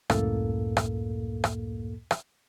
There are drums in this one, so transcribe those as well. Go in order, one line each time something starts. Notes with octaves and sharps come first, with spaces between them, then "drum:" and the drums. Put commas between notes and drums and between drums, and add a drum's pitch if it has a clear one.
C#2 F#2 A2 A#3 A4, drum: rim click
drum: rim click
drum: rim click
drum: rim click